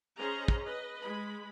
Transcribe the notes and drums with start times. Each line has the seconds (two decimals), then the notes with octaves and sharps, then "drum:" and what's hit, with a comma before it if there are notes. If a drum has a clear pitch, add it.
0.18 C#4 G#4 C5 D#5 A#5
0.48 drum: kick
0.64 B4 D#5
1.01 G#3 B5